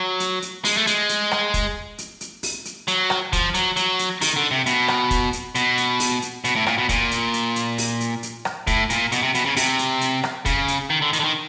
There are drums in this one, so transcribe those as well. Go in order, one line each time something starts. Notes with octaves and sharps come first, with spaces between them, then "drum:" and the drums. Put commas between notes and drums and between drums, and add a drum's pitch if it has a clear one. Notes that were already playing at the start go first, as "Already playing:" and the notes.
Already playing: F#3
drum: hi-hat
drum: hi-hat
G#3, drum: open hi-hat
A3
G#3, drum: hi-hat
drum: hi-hat
drum: rim click
drum: kick, hi-hat
drum: hi-hat
drum: hi-hat
drum: open hi-hat
drum: hi-hat
F#3, drum: hi-hat
drum: rim click
F3, drum: kick, hi-hat
F#3, drum: hi-hat
F#3, drum: hi-hat
drum: hi-hat
D#3, drum: open hi-hat
D3
C3
B2, drum: hi-hat
drum: rim click
drum: kick, hi-hat
drum: hi-hat
B2, drum: hi-hat
drum: hi-hat
drum: open hi-hat
drum: hi-hat
B2, drum: hi-hat
A2
A#2, drum: rim click
B2
A#2, drum: kick, hi-hat
drum: hi-hat
drum: hi-hat
drum: hi-hat
drum: open hi-hat
drum: hi-hat
drum: hi-hat
drum: rim click
A2, drum: kick, hi-hat
A#2, drum: hi-hat
B2, drum: hi-hat
C3
B2, drum: hi-hat
C#3
C3, drum: open hi-hat
drum: hi-hat
drum: hi-hat
drum: rim click
C#3, drum: kick, hi-hat
drum: hi-hat
D#3
D3
D#3, drum: hi-hat
D3
D#3